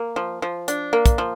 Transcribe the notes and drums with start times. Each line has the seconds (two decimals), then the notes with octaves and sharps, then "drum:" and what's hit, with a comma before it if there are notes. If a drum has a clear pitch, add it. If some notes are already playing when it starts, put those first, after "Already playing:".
Already playing: A#3
0.16 F3
0.42 F3
0.68 D4, drum: hi-hat
0.93 A#3
1.06 drum: kick, hi-hat
1.18 F3